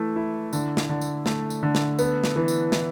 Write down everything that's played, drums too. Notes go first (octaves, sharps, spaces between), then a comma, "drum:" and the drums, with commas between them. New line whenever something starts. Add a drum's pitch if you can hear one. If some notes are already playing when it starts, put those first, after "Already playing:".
Already playing: E3 A3 E4
E4
D3, drum: tambourine
drum: snare
D3
drum: tambourine
A3, drum: snare
drum: tambourine
D3
drum: snare
B3, drum: tambourine
drum: snare
E3
drum: tambourine
E3, drum: snare